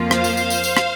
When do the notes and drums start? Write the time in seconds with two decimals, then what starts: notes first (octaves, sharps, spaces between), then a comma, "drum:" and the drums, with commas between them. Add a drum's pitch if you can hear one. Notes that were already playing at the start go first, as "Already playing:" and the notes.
Already playing: F2 F3 A#3 F4
0.11 C5 F5, drum: rim click
0.24 drum: tambourine
0.37 drum: tambourine
0.50 drum: tambourine
0.63 drum: tambourine
0.77 drum: rim click